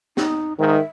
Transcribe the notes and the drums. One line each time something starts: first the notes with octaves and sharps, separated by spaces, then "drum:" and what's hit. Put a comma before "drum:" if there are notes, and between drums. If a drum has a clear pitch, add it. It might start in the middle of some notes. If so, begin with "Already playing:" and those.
D#4, drum: snare
G#2 D#3 E5